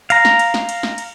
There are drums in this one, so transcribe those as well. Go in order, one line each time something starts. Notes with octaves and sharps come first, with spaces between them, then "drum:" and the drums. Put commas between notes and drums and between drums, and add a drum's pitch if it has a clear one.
F5 A#5, drum: cymbal
drum: snare
drum: cymbal
drum: snare
drum: cymbal
drum: snare
drum: cymbal